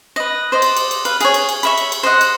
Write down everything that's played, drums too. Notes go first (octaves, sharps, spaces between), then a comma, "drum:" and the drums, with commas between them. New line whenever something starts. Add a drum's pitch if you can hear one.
B4 D#5
C5 D5 D#5
drum: cymbal
drum: cymbal
drum: cymbal
B4 F5, drum: cymbal
G#4 C#5, drum: cymbal
drum: cymbal
drum: cymbal
C#5 E5 B5, drum: cymbal
drum: cymbal
drum: cymbal
C5 D#5 F#5
drum: cymbal